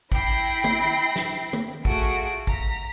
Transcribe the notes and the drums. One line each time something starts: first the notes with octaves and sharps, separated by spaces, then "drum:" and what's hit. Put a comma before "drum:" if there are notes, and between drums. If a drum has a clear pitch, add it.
E4 G5 B5 A#6 C7, drum: kick A1
drum: tom
drum: snare
drum: tom
A3 F4 F#4 G#4 D7, drum: kick A1
A#5 B6, drum: kick A1